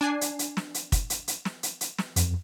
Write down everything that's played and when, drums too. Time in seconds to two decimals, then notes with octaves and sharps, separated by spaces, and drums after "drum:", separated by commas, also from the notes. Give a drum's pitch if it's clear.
0.01 D4 G#5 C7
0.21 drum: hi-hat
0.39 drum: hi-hat
0.57 drum: snare
0.74 drum: hi-hat
0.92 drum: kick, hi-hat
1.10 drum: hi-hat
1.28 drum: hi-hat
1.45 drum: snare
1.63 drum: hi-hat
1.81 drum: hi-hat
1.98 drum: snare
2.16 F2, drum: hi-hat